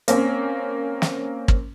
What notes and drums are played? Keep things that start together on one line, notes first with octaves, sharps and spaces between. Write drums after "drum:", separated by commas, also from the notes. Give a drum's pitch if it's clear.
A#3 C4 C#4, drum: hi-hat
drum: snare
drum: kick